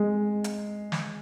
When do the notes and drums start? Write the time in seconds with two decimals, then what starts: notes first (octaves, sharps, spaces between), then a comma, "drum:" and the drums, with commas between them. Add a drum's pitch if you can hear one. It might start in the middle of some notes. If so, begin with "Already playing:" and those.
Already playing: G#3
0.44 drum: hi-hat
0.92 drum: snare